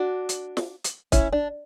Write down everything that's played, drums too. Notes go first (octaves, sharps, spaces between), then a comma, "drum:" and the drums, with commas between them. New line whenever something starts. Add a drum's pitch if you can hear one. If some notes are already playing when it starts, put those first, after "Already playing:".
Already playing: D4 F#4
drum: hi-hat
drum: snare
drum: hi-hat
C#4 E4, drum: kick, hi-hat
D4